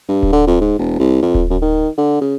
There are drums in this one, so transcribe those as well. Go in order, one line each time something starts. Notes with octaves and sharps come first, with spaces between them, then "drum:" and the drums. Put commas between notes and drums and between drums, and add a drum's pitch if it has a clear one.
G2
drum: kick D1
D3
F2
G#2
E1
C2
F2
drum: kick D1
F#2
D#3
D3
C#3